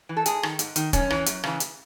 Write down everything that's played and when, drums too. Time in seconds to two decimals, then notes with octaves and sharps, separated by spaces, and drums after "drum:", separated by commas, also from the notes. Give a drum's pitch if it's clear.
0.09 E3
0.17 A4
0.26 G#2 G#4, drum: hi-hat
0.43 D#3, drum: rim click
0.59 G#2, drum: hi-hat
0.76 D#3, drum: hi-hat
0.93 F#2 C#4, drum: kick, hi-hat
1.10 E3, drum: rim click
1.26 F#2, drum: hi-hat
1.43 C#3 E3, drum: rim click
1.60 drum: hi-hat